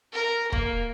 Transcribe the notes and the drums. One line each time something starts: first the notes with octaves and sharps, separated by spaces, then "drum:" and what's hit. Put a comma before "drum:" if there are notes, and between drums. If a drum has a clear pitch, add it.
A#4
A#3, drum: kick